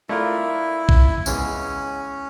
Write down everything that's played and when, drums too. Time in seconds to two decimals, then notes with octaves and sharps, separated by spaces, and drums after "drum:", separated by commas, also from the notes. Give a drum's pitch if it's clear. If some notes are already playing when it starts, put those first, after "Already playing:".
0.09 A3 D4 E4 F4 A#4
0.89 drum: kick A#1
1.26 C#3 E3 G#3 B3 C#4, drum: tambourine